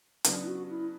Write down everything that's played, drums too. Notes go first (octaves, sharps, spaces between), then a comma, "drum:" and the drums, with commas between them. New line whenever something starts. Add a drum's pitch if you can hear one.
C#3 F#3 B3 D4, drum: hi-hat
E4
F#4
E4